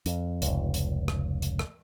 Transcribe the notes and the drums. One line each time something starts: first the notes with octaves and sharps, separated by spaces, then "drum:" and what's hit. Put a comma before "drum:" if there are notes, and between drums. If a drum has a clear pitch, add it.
F2, drum: hi-hat
F1 C#2, drum: hi-hat
drum: hi-hat
drum: rim click
drum: hi-hat
drum: rim click